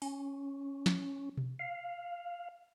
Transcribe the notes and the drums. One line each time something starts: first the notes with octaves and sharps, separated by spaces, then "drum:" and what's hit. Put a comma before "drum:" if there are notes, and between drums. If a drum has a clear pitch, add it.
C#4, drum: open hi-hat
drum: snare
drum: tom B2
F5